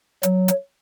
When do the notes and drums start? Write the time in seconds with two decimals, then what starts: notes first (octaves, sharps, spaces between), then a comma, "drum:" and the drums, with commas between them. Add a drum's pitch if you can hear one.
0.23 F#3, drum: hi-hat
0.48 drum: hi-hat